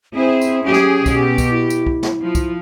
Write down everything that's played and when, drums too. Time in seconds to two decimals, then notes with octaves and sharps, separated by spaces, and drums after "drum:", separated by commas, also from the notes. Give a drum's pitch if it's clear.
0.15 C4 E4 G#4 C5
0.41 drum: tambourine
0.64 F#3 C#4 G4 G#4
0.74 drum: snare
1.06 B2 G4, drum: kick, tambourine
1.38 drum: kick, tambourine
1.50 E4
1.70 drum: tambourine
1.87 drum: kick
2.03 drum: snare
2.22 F3
2.35 drum: kick, tambourine